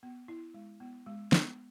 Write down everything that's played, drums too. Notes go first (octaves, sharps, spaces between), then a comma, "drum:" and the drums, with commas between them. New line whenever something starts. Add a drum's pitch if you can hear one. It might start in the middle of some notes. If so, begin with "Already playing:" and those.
B3
E4
G#3
B3
G#3
B3, drum: snare